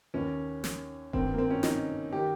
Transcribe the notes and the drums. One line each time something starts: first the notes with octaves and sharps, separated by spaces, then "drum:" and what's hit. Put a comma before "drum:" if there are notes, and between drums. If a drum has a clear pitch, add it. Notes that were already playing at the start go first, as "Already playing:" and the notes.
D#2 D#3 C#4
drum: snare
G#1 G2 D#3 C4, drum: kick E1
A#3
C4
C#4
D#4, drum: snare
D#3 G4